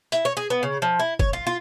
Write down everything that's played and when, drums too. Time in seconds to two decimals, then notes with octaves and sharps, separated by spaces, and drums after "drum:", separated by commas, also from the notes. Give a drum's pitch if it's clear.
0.12 E4, drum: tambourine
0.25 C#5
0.37 G#4
0.50 B3
0.63 C#3
0.82 F3
0.99 E4
1.19 C#5, drum: kick
1.33 F4
1.47 F4